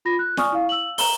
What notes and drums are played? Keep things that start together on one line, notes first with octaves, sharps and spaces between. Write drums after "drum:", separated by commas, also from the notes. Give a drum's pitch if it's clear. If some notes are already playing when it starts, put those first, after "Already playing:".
F4 B5 A#6
F#6
D5 G#5 C#6 D#6 F6, drum: snare
E4 F5
E6 F#7
A#5 E7 F#7 G7, drum: open hi-hat